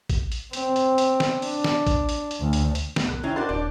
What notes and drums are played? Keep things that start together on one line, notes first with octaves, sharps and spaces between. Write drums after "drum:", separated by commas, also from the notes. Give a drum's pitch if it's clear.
drum: kick A1, hi-hat
drum: hi-hat
C4, drum: hi-hat
drum: hi-hat
drum: hi-hat
drum: snare
D4, drum: open hi-hat
drum: snare
drum: kick A1, hi-hat
drum: hi-hat
drum: hi-hat
D2
drum: hi-hat
drum: hi-hat
E2 A2, drum: snare
C2 F#6
D#3 C4 C#4 E4
D4 F#4 C5 C6 G6 A6
D#1 D4 C#5 D5